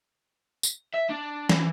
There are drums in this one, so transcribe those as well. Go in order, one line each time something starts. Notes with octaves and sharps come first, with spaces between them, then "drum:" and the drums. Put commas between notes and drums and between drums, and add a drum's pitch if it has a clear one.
drum: tambourine
E5
D4
E3, drum: snare